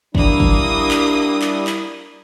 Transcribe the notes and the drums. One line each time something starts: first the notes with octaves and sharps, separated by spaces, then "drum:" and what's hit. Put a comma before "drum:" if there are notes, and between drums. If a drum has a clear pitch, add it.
G3 A#3 D4 E4 D#6, drum: kick
drum: kick
drum: clap
drum: clap
drum: clap